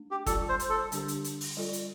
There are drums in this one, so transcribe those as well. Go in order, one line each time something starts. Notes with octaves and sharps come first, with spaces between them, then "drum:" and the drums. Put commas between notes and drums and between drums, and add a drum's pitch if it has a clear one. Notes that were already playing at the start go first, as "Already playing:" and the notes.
Already playing: A3 D4
G4
G3 F4 A4 D5, drum: kick, hi-hat
C5
drum: hi-hat
A4
D3 G3 D4 G4, drum: hi-hat
drum: hi-hat
drum: hi-hat
drum: open hi-hat
G3 F4 A4 D5
drum: hi-hat